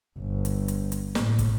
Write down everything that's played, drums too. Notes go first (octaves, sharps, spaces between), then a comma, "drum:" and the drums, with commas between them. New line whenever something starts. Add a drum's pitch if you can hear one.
G1
drum: hi-hat
drum: hi-hat
drum: hi-hat
A2, drum: snare
drum: kick, hi-hat